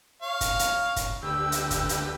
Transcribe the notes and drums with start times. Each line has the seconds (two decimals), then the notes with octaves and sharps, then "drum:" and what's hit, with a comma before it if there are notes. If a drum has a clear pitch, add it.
0.22 C#5 F5
0.41 drum: kick, hi-hat
0.59 drum: hi-hat
0.96 drum: kick, hi-hat
1.23 D2 G4 B4 E6
1.52 drum: hi-hat
1.70 drum: kick, hi-hat
1.89 drum: hi-hat